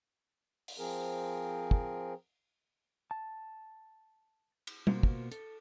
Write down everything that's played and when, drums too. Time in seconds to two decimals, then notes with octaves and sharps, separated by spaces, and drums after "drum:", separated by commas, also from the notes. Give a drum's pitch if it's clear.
0.68 drum: open hi-hat
0.79 F3 C4 G#4 A#4
1.71 drum: kick
3.11 A5
4.67 drum: cymbal
4.87 B2 A#3 F4 F#4 C5, drum: tom
5.03 drum: kick
5.32 A4, drum: hi-hat